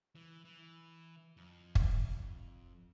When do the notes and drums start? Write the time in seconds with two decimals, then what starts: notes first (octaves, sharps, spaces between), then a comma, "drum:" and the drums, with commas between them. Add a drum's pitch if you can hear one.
0.16 E3
0.45 E3
1.37 F2
1.75 drum: kick